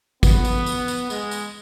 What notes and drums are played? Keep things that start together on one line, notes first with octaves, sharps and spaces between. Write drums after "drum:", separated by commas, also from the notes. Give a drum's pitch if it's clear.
B3, drum: kick G#1, tambourine
drum: tambourine
drum: tambourine
drum: tambourine
G#3, drum: tambourine
drum: tambourine